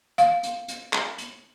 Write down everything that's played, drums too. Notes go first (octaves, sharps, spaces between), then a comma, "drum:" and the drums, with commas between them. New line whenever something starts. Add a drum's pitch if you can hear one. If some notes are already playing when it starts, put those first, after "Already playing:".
F5, drum: hi-hat
drum: hi-hat
drum: hi-hat
drum: clap
drum: hi-hat